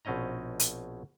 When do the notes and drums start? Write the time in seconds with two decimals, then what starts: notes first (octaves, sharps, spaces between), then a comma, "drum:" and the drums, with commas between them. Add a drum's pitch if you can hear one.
0.05 A#1 B2 C4 C#4 D#5 A#5
0.60 drum: hi-hat